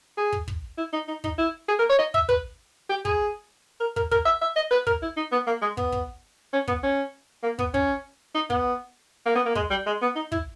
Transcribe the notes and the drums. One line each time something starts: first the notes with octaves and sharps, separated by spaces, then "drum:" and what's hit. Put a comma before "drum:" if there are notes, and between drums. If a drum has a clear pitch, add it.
G#4
drum: kick
drum: kick
E4
D#4
D#4
D#4, drum: kick
E4
G#4
A#4
C#5
D#5
E5, drum: kick
B4, drum: kick
G4
G#4, drum: kick
A#4
A#4, drum: kick
A#4, drum: kick
E5
E5
D#5
B4
A#4, drum: kick
E4
D#4
B3
A#3
G#3
B3, drum: kick
drum: kick
C#4
B3, drum: kick
C#4
A#3
B3, drum: kick
C#4, drum: kick
D#4
B3, drum: kick
A#3
B3
A#3
G#3, drum: kick
G3
G#3
B3
D#4
E4, drum: kick